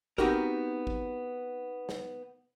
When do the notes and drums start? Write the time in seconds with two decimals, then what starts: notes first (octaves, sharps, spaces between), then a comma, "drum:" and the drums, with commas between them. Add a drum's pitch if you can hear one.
0.18 B3 C4 D#4 F#4 G4 A#4, drum: kick
0.87 drum: kick
1.89 drum: snare